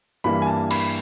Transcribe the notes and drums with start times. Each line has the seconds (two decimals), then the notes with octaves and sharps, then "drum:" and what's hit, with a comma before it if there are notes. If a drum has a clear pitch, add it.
0.24 G2 E3 G3 A#3 B5
0.42 G#5
0.47 A5
0.71 B5, drum: cymbal